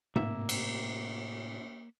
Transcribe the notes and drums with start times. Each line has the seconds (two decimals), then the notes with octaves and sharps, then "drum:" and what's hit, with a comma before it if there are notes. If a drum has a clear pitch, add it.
0.16 A2 C3 A#3 E5, drum: tom G#2
0.49 drum: cymbal